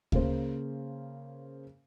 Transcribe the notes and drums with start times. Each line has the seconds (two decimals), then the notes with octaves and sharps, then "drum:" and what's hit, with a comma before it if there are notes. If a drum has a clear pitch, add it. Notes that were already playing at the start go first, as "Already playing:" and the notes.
0.12 C#3 A#3 C5, drum: kick D2